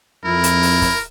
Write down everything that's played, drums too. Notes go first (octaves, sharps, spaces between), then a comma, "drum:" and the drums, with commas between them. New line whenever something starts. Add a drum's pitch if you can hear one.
F2 E4 A#4
drum: hi-hat
drum: open hi-hat
drum: kick, open hi-hat